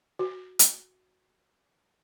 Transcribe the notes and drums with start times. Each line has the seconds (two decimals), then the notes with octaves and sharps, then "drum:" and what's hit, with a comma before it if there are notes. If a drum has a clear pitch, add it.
0.19 F#4
0.59 drum: hi-hat